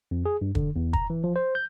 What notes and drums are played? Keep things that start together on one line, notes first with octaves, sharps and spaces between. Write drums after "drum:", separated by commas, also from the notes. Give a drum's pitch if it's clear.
F2
G#4
G2
D3, drum: kick
E2
A#5, drum: kick
E3
F3
C5
G6